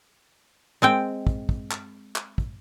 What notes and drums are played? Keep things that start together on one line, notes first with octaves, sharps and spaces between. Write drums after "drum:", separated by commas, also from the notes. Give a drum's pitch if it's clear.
G#3 C4 G5
drum: kick
drum: kick
drum: clap
drum: clap
drum: kick